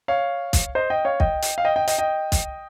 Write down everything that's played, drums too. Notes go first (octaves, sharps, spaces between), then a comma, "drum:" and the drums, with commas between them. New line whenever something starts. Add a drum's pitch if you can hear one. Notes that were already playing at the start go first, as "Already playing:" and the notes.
C#5 F5
drum: kick, hi-hat
C5 D#5
D#5 G5
C#5 F5
D#5 G5, drum: kick
drum: hi-hat
F5
D#5 G5
D#5 G5
D#5 G5, drum: hi-hat
D#5 G5
drum: kick, hi-hat